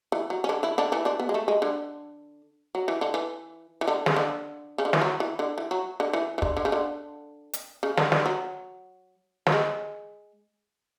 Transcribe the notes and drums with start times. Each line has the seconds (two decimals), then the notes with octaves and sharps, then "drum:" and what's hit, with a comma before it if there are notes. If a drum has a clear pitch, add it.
0.12 E3
0.30 F#3
0.44 C#4
0.49 D3 D4
0.63 E3 E4
0.78 D3 D4
0.92 E3 E4
1.05 D3 D4
1.20 B3
1.29 G#3
1.34 A3
1.48 G#3
1.62 D3
2.75 F#3
2.88 E3
3.01 D3
3.14 E3
3.81 E3
3.88 D3
4.06 C#3, drum: snare
4.16 D3
4.78 C#3
4.85 D3
4.93 E3, drum: snare
5.02 F#3
5.20 E3
5.39 D3
5.58 E3
5.71 F#3
6.00 D3
6.13 E3
6.38 E3
6.42 D3, drum: kick
6.57 D3
6.65 C#3
6.72 D3
7.53 drum: hi-hat
7.83 C#3
7.97 D3, drum: snare
8.12 D3, drum: snare
8.26 F#3
9.47 F#3, drum: snare
9.52 G#3